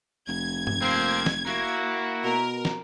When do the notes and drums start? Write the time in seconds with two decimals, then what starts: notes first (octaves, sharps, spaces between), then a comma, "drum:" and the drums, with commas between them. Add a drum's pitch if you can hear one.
0.28 F1 G#6
0.67 drum: tom G2
0.82 F3 A#3 C4
1.26 drum: snare
1.46 A#3 E4 F#4
2.24 B2 A#4
2.65 drum: snare